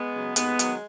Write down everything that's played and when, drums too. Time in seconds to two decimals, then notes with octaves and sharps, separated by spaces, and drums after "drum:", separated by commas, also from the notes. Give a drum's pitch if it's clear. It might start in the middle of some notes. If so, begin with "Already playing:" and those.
Already playing: G#3 B3
0.13 C#3 F#3
0.36 D#2 G#3 B3, drum: hi-hat
0.59 D#3 F#3, drum: hi-hat